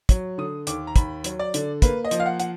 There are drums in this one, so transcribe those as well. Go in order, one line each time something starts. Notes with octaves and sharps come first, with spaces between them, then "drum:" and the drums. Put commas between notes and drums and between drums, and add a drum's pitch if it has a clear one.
F#3, drum: kick, hi-hat
D3 D#6
D#2 D6, drum: hi-hat
A#5
D#2 B5, drum: kick, hi-hat
F#3, drum: hi-hat
D5
D3, drum: hi-hat
A#3 B4, drum: kick, hi-hat
D#5
F3, drum: hi-hat
F5
F#5
F#5, drum: hi-hat